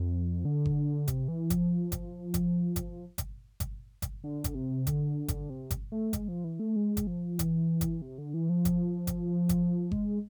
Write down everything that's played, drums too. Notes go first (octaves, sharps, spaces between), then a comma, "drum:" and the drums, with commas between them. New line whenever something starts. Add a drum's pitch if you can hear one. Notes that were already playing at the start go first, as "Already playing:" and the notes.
Already playing: F2
D3
drum: kick G1
C3, drum: kick G1, hi-hat
E3
F3, drum: kick G1, hi-hat
drum: kick G1, hi-hat
drum: kick G1, hi-hat
drum: kick G1, hi-hat
drum: kick G1, hi-hat
drum: kick G1, hi-hat
drum: kick G1, hi-hat
D3
drum: kick G1, hi-hat
C3
D3, drum: kick G1, hi-hat
drum: kick G1, hi-hat
C3
drum: kick G1, hi-hat
A3
G#3, drum: kick G1, hi-hat
F3
E3
A3
G#3
drum: kick G1, hi-hat
F3
E3, drum: kick G1, hi-hat
drum: kick G1, hi-hat
C3
D3
E3
F3
drum: kick G1, hi-hat
drum: kick G1, hi-hat
drum: kick G1, hi-hat
G#3, drum: kick G1